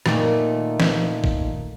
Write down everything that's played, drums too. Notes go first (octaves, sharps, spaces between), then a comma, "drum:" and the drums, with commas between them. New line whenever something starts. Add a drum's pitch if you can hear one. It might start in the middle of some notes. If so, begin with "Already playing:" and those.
A#2 D#3 A3 A#3, drum: rim click
drum: snare
drum: kick